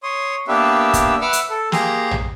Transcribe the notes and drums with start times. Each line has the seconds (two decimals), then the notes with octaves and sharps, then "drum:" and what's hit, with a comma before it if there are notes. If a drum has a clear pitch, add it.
0.03 C#5 C6 D#6
0.48 A#3 B3 D4 G4 B4 E5
0.94 drum: kick, hi-hat
1.21 B4 E5 F#5 D6 E6 F6
1.33 drum: hi-hat
1.50 A4
1.72 A#3 G4 G#4 A#5 C6, drum: snare
2.11 drum: tom